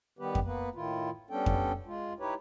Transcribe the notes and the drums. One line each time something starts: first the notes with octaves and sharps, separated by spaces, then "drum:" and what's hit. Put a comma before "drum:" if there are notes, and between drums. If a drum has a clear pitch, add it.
D#3 G3 B3 G4 B4
drum: kick F2
A#3 B3 B4
A2 D#3 E4 F4
G3 B3 C#4 D4 A4 G5
drum: kick F2
G#3 F4
D#4 E4 G4 B4 C#5